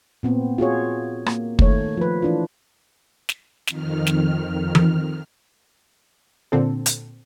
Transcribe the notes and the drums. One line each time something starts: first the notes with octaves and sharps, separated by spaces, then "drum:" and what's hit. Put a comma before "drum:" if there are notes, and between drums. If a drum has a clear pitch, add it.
A#2 B3 C4
F4 F#4 G#4 C#5
A#3, drum: rim click
D#3 A3 C#5, drum: kick
F3 B4
E3 D4 F4
drum: snare
F2 D#3 F6, drum: snare
drum: snare
drum: tom E3
A#2 D3 C4 A4
drum: hi-hat